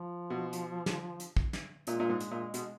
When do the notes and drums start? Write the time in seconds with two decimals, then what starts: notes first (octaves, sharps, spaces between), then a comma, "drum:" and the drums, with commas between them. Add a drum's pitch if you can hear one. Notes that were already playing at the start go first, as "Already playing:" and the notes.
Already playing: F3
0.30 B2
0.53 drum: hi-hat
0.86 drum: snare
1.20 drum: hi-hat
1.37 drum: kick
1.53 drum: snare
1.87 A#2 G#3, drum: hi-hat
2.00 A#2
2.10 G#2
2.20 drum: hi-hat
2.31 A#2
2.54 B2, drum: hi-hat